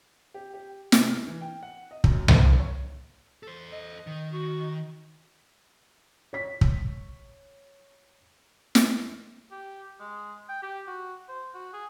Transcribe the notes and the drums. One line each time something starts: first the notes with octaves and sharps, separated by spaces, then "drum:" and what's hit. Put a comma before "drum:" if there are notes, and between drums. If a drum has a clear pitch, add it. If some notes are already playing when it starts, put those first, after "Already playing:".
G4
G4
C3, drum: snare
F6
E3
G5
F#5
D#5
F#2, drum: kick
A#3, drum: tom C2
D3
C#5
A4 C5
D#5
D#3
F#4
C#5 B6
drum: kick
drum: snare
G4
G#3
G5
G4
F#4
C5
F#4
G#4